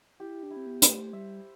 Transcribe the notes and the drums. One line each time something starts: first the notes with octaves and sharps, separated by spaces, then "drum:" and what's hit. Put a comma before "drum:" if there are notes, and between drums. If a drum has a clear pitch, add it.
E4 G4
D4
E4
C4
B3
C5, drum: hi-hat
A3
G3 E5